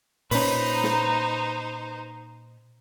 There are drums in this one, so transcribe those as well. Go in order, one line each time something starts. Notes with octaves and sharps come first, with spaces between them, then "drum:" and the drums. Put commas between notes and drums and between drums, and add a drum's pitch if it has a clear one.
A#2 C#4 D#4 B4 C5, drum: open hi-hat
drum: snare